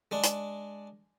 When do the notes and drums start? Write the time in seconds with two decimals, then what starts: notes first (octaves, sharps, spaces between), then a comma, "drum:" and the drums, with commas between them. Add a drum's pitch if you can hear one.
0.11 G#3 D4
0.23 drum: hi-hat